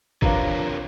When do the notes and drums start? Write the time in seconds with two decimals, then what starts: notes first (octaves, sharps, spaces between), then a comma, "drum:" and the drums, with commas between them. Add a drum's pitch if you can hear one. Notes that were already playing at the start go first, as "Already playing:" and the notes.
0.22 C3 F3 A#3 D4 B4 C#5 F5 A#5, drum: kick